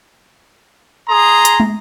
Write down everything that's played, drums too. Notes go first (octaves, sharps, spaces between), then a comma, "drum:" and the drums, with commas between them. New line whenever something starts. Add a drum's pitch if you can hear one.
G#4 A#5 C6 D#6
drum: hi-hat
drum: tom